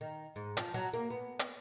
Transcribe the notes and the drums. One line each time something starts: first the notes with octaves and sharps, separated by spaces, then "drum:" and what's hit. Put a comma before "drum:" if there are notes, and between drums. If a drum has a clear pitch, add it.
D#3
G#2
F3, drum: hi-hat
F#3
A#3
B3
drum: hi-hat